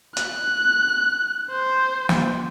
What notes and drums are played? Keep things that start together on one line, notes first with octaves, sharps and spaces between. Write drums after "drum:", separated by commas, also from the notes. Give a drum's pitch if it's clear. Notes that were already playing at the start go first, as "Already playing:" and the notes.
F#6, drum: hi-hat
C5
drum: snare